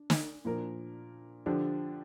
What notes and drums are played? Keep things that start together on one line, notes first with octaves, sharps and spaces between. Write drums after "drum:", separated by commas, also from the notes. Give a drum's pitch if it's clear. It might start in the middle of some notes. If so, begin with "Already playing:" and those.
Already playing: D4
drum: snare
A#2 F3 D4 A#4
D3 F3 D4 G4